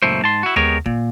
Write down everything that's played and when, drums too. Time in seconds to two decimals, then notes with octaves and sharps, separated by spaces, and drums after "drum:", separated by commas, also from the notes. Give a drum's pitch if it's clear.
0.02 C#2 F#2 A#2 A3 E4 C5
0.22 G#2 A5 C6
0.43 E4 F#4
0.56 G#3 B3 G4 A#4 C#5, drum: tom D#2
0.86 A#2, drum: kick